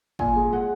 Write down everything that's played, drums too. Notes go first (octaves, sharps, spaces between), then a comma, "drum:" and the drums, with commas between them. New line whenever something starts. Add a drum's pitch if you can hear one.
A#2 G#5, drum: kick
G#3
G#3 F#5